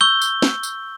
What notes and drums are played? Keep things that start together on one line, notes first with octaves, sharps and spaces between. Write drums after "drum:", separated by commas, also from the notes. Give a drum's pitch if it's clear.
C#6 E6 G6 G7
drum: tambourine
drum: snare
drum: tambourine